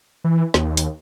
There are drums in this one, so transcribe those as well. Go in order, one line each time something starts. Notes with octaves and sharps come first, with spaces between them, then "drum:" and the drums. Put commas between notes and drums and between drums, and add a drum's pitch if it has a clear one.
E3
D#2, drum: snare
drum: hi-hat